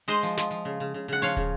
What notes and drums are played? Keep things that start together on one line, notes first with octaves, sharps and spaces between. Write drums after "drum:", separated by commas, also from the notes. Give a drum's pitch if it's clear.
G#3 C5 D#5
F3
F3, drum: snare
F3, drum: hi-hat
C#3
C#3
C#3
C#3 F#5
F3 C#5 F5
C#3, drum: kick